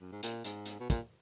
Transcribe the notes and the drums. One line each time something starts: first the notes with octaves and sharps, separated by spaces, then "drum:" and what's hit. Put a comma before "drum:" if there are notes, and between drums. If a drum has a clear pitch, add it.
F#2
G#2
A#2, drum: hi-hat
G#2, drum: hi-hat
drum: hi-hat
B2
A#2, drum: kick, hi-hat